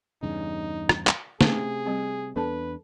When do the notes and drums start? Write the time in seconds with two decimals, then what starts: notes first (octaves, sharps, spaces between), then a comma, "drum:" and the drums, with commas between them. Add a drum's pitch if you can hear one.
0.23 E2 G2 C#3 D#4
0.89 drum: rim click
1.07 drum: clap
1.41 C3 A3 C#4 G#4, drum: snare
1.86 G3 C4
2.36 E2 B3 D4 A4 B4 A5